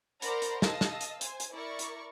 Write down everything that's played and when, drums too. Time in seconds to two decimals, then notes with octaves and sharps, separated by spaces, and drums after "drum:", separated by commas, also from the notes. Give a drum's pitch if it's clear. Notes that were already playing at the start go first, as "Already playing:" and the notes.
0.22 A#4 C5 D5 F#5 A#5 B5, drum: hi-hat
0.42 drum: hi-hat
0.62 D#5 F5 A5 E6, drum: snare
0.81 drum: snare
1.01 drum: hi-hat
1.21 C5 G#5, drum: hi-hat
1.40 drum: hi-hat
1.54 E4 A#4 D5 C#6
1.79 drum: hi-hat